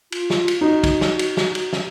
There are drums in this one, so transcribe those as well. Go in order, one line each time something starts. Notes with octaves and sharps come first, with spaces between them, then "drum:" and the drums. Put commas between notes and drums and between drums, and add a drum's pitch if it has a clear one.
F4, drum: cymbal
drum: snare
drum: cymbal
D#4 F#4
drum: kick, cymbal
drum: snare
drum: cymbal
drum: snare
drum: cymbal
drum: snare